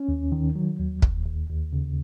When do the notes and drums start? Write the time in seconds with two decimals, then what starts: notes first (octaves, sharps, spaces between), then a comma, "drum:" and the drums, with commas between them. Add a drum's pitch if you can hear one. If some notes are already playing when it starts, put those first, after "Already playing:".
Already playing: C#4
0.09 D#2
0.32 D#3
0.55 F#3
0.80 D#2
1.02 D#2, drum: kick
1.26 D#2
1.50 D#2
1.73 C#3